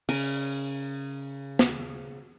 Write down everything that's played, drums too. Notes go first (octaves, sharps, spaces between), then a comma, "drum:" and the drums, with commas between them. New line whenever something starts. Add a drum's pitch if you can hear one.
C#3 A#4 G#5 A#5, drum: open hi-hat
drum: snare